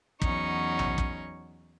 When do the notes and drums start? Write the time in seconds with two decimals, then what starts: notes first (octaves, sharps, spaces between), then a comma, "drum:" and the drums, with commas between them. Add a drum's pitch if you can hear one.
0.22 E2 F#3 C#4 D#4 C#6, drum: kick
0.79 drum: tom A#1
0.98 drum: kick